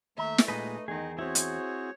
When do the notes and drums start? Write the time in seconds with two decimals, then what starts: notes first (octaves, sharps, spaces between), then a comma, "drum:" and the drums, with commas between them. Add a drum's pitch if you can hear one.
0.18 D#2 A3 E5 A#5
0.38 drum: snare
0.48 A#2 G#3 D#4 B4 D#5
0.88 E2 D#3 D#4 G#4
1.19 C4 E4 F#4 G#4 C5 C#5
1.35 drum: hi-hat